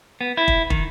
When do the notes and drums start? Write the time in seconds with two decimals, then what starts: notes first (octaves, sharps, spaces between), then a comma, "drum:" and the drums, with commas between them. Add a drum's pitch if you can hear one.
0.21 B3
0.37 E4
0.48 drum: kick
0.70 D#3, drum: kick